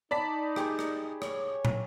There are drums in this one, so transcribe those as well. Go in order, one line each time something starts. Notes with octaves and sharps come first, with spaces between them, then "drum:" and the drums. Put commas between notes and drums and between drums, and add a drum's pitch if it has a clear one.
D#4 D5 A5 B5 B6
G4 G#4 C#6, drum: rim click
drum: rim click
C#5, drum: rim click
drum: tom